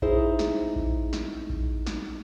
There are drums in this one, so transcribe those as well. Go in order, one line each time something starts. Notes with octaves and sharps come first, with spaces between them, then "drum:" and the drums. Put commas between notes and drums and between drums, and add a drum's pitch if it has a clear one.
D#4 E4 G#4 C5, drum: kick A1
drum: snare
drum: kick A1
drum: snare
drum: kick A1
drum: snare